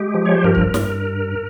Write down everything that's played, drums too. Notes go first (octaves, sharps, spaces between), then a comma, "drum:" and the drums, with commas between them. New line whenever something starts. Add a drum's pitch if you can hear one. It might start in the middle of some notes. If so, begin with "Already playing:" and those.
Already playing: G#3 G4
F3
C#5
C5
G2 A#4
drum: kick
G2, drum: snare